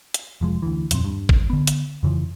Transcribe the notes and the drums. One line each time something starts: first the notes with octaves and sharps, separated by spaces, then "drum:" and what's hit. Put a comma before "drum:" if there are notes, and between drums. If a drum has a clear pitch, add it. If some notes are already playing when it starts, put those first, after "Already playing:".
drum: hi-hat
F1 F3 G#3
D2 E3
D#1 F2 F3 C4, drum: hi-hat
G2
drum: kick G#1
D3 B3
drum: hi-hat
F2 C#3 E3 F3